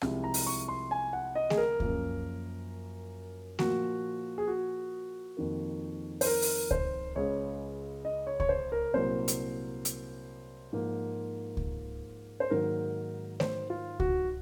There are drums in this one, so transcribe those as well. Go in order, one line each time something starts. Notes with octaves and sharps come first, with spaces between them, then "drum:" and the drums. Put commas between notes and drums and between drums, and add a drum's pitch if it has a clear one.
C2 C3 F3 G#3, drum: rim click
A#5
drum: open hi-hat
C#6
C6
G#5
F#5
D#5
G#4, drum: snare A3
A#4
F#2 F3 A#3, drum: kick C#2
A#2 F3 A#3 F#4, drum: snare A3
G#4
F#4
F2 D#3 A#3
C5, drum: open hi-hat
A#4
drum: open hi-hat
C5, drum: kick C#2
C#2 C#3 G#3 C#5
D#5
C#5
C#5, drum: kick C#2
C5
A#4
C2 A#2 F#3 A#3 C5
drum: hi-hat
drum: hi-hat
G#2 F3 A#3
drum: kick C#2
C5
G#2 D#3 F#3 A#3 A#4
C5, drum: snare A3
F4
F#4, drum: kick C#2